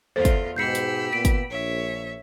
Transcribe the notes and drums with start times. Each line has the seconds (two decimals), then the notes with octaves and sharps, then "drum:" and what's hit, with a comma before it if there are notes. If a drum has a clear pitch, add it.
0.16 E2 F4 A4 C5
0.25 drum: kick, hi-hat
0.56 G#2 B2 G4 B5 E6 G6 C7 C#7
0.75 drum: hi-hat
1.12 A#2 B3 B6 D7
1.25 drum: kick, hi-hat
1.50 A#1 C#5 E5